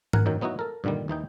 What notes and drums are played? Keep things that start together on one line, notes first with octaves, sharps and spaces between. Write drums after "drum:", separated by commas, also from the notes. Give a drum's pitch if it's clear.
A#4 F#5 G#5, drum: tom G#2
F#2 D#3 F#3 G5
F#3 B3 D#4 E4 F#4
A4 A#4
G2 A#2 D3 D#3 G3
D#2 E3 D#4 G5